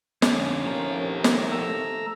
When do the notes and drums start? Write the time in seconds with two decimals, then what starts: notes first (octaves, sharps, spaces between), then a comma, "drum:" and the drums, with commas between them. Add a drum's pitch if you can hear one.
0.22 F2 D3 C#4, drum: snare
0.65 D#2 A2 C3 F3 A#4
1.24 drum: snare
1.52 A3 A#5 E6